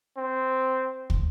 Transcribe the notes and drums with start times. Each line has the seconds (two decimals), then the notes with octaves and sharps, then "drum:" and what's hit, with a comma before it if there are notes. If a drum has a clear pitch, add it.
0.17 C4
1.10 drum: kick